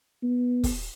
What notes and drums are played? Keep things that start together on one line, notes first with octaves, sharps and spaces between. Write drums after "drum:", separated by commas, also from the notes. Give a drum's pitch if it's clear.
B3
drum: kick, open hi-hat